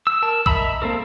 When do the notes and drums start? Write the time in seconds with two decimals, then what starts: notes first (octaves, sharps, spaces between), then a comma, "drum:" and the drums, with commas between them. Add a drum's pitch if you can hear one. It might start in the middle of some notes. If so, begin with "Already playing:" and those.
0.07 E6
0.22 A#4 A5
0.46 D#5 E5 A#5 B5 E6, drum: kick B1
0.82 A#3 C4 A4 A#4